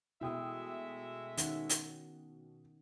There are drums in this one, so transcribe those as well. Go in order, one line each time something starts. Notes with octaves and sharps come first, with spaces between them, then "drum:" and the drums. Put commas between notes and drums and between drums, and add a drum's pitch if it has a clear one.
B2 G#3 A3 E4 E5 G5 D#6
D#3 C#4 F#5, drum: hi-hat
drum: hi-hat